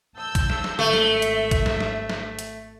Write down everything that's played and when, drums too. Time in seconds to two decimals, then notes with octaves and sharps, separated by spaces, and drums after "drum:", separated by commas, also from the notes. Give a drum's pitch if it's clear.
0.17 A5 E6 G6
0.35 drum: kick, hi-hat
0.50 drum: snare
0.64 drum: snare
0.79 G#1 A3 E5
0.93 drum: snare
1.22 drum: hi-hat
1.51 drum: kick, hi-hat
1.66 drum: snare
1.80 drum: snare
2.10 drum: snare
2.39 drum: hi-hat